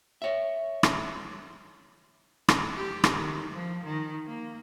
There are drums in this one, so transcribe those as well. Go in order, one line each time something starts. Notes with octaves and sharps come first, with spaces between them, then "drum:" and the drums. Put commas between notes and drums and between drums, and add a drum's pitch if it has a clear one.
C#5 E5
drum: rim click
drum: rim click
G4
drum: rim click
D#3
F3
D#3
A#3